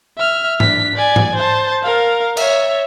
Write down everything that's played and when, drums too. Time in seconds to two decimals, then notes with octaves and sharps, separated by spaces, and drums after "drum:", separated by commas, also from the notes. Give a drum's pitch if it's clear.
0.18 E5 F6
0.60 D4 B6, drum: tom G#2
0.96 D5 G#5
1.16 drum: tom G#2
1.35 C5 A5
1.83 A#4 F5
2.37 C#5 E5, drum: cymbal